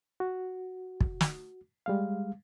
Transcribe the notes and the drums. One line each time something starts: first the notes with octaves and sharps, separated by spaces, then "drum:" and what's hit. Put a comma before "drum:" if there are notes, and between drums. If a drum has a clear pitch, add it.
F#4
drum: kick
drum: snare
G3 G#3 F5